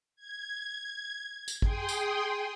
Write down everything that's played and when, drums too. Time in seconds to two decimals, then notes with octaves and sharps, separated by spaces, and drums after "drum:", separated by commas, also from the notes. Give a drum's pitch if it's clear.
0.16 G#6
1.48 drum: tambourine
1.62 G#4 G5 C6 D#6, drum: kick G#1
1.89 drum: tambourine